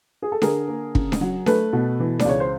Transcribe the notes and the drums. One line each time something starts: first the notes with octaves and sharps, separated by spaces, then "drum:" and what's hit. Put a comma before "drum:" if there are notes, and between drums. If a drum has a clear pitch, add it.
G#4
A4
D3 G#4 A#4, drum: snare D4
A#3
C#3, drum: kick
drum: snare D4
F#3
A3 A4 B4, drum: snare D4
B2
E3
D5, drum: snare D4
C#2 C#5
C5